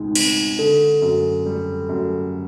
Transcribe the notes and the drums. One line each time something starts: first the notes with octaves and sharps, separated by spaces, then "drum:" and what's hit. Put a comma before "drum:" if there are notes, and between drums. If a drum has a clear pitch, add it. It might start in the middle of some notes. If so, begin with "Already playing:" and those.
Already playing: C#2 B2 G#3 D#4
C4, drum: cymbal
D3 A4
F#2
G3
F#2